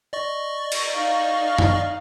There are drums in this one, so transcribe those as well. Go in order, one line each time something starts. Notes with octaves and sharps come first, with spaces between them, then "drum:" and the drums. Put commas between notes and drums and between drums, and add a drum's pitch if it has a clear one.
D5 D#5 C#6
drum: cymbal
D#4 F5
drum: tom F#2